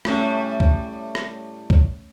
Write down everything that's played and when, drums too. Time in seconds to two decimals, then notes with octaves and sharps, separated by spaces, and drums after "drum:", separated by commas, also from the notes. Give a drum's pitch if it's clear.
0.05 A2 G3 A3 C#4, drum: rim click
0.60 drum: kick C#2
1.15 drum: rim click
1.70 drum: kick C#2